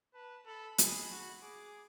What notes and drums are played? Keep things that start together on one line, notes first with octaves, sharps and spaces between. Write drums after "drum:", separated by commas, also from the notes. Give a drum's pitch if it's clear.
B4 A5
A4 B5
G#4, drum: hi-hat
F#4
G#4 D6